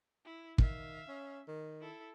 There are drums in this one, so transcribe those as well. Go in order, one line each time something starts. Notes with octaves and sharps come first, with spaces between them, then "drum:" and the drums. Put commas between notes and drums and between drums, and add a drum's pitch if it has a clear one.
E4
D#3 E5 F5, drum: kick
C#4
D#3
E4 A4